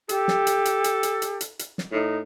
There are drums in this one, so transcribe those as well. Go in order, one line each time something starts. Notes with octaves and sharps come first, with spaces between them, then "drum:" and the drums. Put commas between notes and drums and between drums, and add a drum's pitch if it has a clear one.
G4 A4, drum: hi-hat
drum: snare
drum: hi-hat
drum: hi-hat
drum: hi-hat
drum: hi-hat
drum: hi-hat
drum: hi-hat
drum: hi-hat
drum: snare
A2 D#4